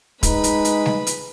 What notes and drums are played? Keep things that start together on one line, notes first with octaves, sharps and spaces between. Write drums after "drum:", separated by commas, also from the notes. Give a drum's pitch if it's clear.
G#3 D#4 B4 B5, drum: kick, hi-hat
drum: hi-hat
drum: hi-hat
drum: snare G3
drum: hi-hat